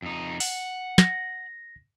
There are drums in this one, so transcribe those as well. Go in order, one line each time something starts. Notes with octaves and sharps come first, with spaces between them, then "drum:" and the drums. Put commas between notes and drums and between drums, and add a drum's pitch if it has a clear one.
F2 D#4
F#5, drum: open hi-hat
A#6, drum: snare